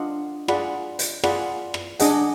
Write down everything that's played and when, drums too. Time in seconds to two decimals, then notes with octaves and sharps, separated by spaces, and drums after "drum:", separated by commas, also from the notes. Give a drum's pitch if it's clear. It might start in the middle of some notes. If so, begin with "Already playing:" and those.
Already playing: D4 F4 D#5 F#5
0.48 F4 G#4 D5 F#5 B5, drum: rim click
0.99 drum: hi-hat
1.24 F4 G#4 D5 F#5 B5, drum: rim click
1.74 drum: rim click
2.00 D4 G#4 D#5 F#5, drum: hi-hat